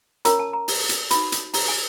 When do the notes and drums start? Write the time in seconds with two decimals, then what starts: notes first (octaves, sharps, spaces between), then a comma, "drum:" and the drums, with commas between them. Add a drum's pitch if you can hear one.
0.25 C#4 F4 A#4 C#5 A#5, drum: hi-hat
0.39 A5
0.53 A#5
0.68 drum: open hi-hat
0.89 drum: hi-hat
1.11 D#4 F#4 B4 B5, drum: hi-hat
1.32 drum: hi-hat
1.54 A#5, drum: open hi-hat
1.68 G#5